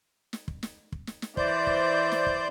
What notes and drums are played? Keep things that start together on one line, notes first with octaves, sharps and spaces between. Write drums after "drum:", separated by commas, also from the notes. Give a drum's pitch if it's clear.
drum: snare
drum: kick
drum: snare
drum: kick
drum: snare
drum: snare
E3 C5 D5 G6, drum: kick
drum: kick
drum: snare
drum: kick